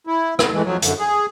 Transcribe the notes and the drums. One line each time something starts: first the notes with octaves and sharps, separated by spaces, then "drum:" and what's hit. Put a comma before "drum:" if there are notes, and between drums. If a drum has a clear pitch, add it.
E4
A3 B3, drum: rim click
E3 G#3 A3
F2 F#3
F#2 D3, drum: hi-hat
G#4